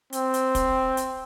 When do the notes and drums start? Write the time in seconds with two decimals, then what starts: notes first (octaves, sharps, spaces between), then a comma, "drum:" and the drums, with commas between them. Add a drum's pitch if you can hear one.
0.13 C4, drum: hi-hat
0.34 drum: hi-hat
0.55 drum: kick, hi-hat
0.97 drum: hi-hat